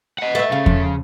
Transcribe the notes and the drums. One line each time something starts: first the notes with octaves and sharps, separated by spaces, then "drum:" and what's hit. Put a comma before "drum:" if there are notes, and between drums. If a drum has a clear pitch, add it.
D#5 F#5
A3 B4 E5
C#3 F5
F3, drum: kick E2